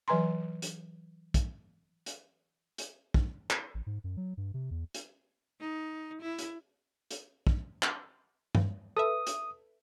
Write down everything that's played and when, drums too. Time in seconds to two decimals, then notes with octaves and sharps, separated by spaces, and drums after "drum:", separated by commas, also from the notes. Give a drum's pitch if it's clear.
0.08 E3 F#3 B4 G#5 A#5 C6
0.62 drum: hi-hat
1.34 drum: kick, hi-hat
2.06 drum: hi-hat
2.78 drum: hi-hat
3.14 drum: kick
3.50 drum: clap
3.74 A1
3.86 G#2
4.04 F#2
4.17 F#3
4.37 G2
4.54 C3
4.71 E2
4.94 drum: hi-hat
5.61 D#4
6.22 E4
6.39 drum: hi-hat
7.11 drum: hi-hat
7.47 drum: kick
7.83 drum: clap
8.55 drum: tom G2
8.97 A4 B4 E5 D#6
9.27 drum: hi-hat